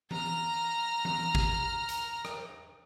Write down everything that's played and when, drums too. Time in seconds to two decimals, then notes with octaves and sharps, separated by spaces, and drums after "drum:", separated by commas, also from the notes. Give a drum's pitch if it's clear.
0.11 A#5 F6, drum: tom E3
1.05 drum: tom E3
1.35 drum: kick
1.89 drum: hi-hat
2.25 drum: rim click